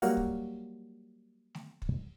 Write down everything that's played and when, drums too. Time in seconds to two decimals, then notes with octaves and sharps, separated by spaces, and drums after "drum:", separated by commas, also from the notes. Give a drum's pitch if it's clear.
0.02 F#3 G3 A#3 F#4 F5 F#5, drum: open hi-hat
0.17 drum: kick
1.55 drum: snare
1.82 drum: kick